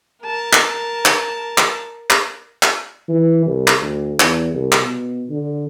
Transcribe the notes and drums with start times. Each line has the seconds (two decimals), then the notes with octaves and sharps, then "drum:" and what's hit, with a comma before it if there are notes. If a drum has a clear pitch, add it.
0.23 A#4 A5
0.53 drum: clap
1.06 drum: clap
1.58 drum: clap
2.10 drum: clap
2.63 drum: clap
3.09 E3
3.46 C2
3.68 drum: clap
3.80 D2
4.20 E2, drum: clap
4.53 C2
4.72 drum: clap
4.82 B2
5.29 D3